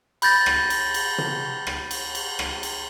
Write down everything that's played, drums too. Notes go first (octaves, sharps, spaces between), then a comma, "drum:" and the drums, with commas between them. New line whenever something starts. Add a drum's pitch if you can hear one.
B5 G6 A6 A#6, drum: cymbal
drum: rim click
drum: cymbal
drum: cymbal
drum: tom
drum: rim click
drum: cymbal
drum: cymbal
drum: rim click
drum: cymbal